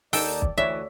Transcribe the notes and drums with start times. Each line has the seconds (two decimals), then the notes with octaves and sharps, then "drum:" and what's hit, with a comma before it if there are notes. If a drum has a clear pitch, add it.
0.13 D#2 A#3 D#4 A4 D5 G5 A5 E6, drum: open hi-hat
0.42 drum: kick
0.58 D2 E3 C#5 D5 E5